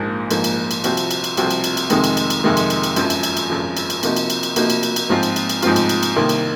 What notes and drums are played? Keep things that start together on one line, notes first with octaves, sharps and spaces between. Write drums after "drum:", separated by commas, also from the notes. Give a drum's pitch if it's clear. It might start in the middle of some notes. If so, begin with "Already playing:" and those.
Already playing: A#1 G#2 F3 A#3
A#1 G#2 F3 A#3, drum: cymbal
drum: cymbal
drum: cymbal
C2 C3 F3 C4 F#4, drum: cymbal
drum: cymbal
drum: cymbal
drum: cymbal
C2 C3 F3 C4 F#4, drum: cymbal
drum: cymbal
drum: cymbal
drum: cymbal
F2 C3 D#3 G#3, drum: cymbal
drum: cymbal
drum: cymbal
drum: cymbal
F2 C3 D#3 G#3
drum: cymbal
drum: cymbal
drum: cymbal
G#1 F#2 F3, drum: cymbal
drum: cymbal
drum: cymbal
drum: cymbal
G#1 F#2 F3
drum: cymbal
drum: cymbal
C3 F3 A#3 D#4 F#4, drum: cymbal
drum: cymbal
drum: cymbal
drum: cymbal
C3 F3 A#3 D#4 F#4, drum: cymbal
drum: cymbal
drum: cymbal
drum: cymbal
G#2 F3 C4 F4
drum: cymbal
drum: cymbal
drum: cymbal
G#2 F3 C4 F4, drum: cymbal
drum: cymbal
drum: cymbal
drum: cymbal
C2 C3 D#3 A#3
drum: cymbal